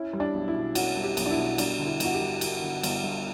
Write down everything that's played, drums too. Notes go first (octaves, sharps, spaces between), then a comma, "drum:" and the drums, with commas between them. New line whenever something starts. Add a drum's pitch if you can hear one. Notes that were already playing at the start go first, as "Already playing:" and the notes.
Already playing: C#4 E4
G3
D4
B1
E4
B2
C#4 F#4, drum: cymbal
G3
G4
B1, drum: cymbal
D4
E4
B2
G3 D4, drum: cymbal
D3
E4
G1 F#4, drum: cymbal
G4
G2
G3, drum: cymbal
D3
G1, drum: cymbal
G2